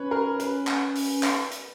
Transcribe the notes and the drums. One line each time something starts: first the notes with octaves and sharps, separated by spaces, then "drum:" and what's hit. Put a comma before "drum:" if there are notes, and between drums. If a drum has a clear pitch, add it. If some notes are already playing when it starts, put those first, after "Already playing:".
Already playing: C#4 B4 C#5
A#4
B4, drum: hi-hat
drum: clap
drum: open hi-hat
drum: clap
drum: hi-hat